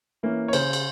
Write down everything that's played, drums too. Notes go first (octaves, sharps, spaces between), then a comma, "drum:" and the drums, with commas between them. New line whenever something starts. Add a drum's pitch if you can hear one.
E3 A#3 C#4
C#5
C#3 C5, drum: cymbal
drum: cymbal